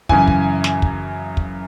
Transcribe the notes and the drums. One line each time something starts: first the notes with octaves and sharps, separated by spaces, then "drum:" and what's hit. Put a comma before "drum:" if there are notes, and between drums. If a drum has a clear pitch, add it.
F#2 C#3 E3 G#5, drum: kick
drum: kick
drum: snare
drum: kick
drum: kick